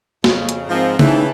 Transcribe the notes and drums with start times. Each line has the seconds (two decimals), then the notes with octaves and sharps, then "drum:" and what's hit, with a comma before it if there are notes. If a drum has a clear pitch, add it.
0.24 F2 C#3, drum: snare
0.49 drum: hi-hat
0.69 G#2 F3 C4 A#4 A#5
0.99 C#3 E3 D#4 G5 A5, drum: tom